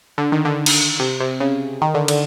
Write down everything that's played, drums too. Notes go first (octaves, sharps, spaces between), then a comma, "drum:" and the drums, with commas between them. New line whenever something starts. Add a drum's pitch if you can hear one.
D3
D#3
D3
drum: cymbal
C3
C3
C#3
D#3
D3
D3, drum: cymbal